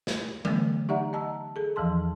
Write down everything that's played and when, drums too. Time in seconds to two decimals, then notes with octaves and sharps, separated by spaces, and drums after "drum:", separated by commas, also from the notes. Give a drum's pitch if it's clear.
0.07 drum: snare
0.45 D3 E3 F#3 A3 B3, drum: tom F#3
0.89 D#4 G4 D5 E5 F#5 A#5
1.13 D#5 A5 A#5 E6
1.56 G#4 A4
1.76 E2 E3 F3 A5 C6